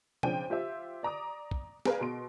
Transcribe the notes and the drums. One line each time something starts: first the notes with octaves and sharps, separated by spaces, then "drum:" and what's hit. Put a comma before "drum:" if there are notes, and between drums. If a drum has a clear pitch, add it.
C#3 F3 C4 D4 G5 D#7, drum: tom B2
F4 G4 C5 E5
D5 A#5 D6 D#6
drum: kick
G#4 A#4 B4 D5 F5, drum: snare
B2 C6 D7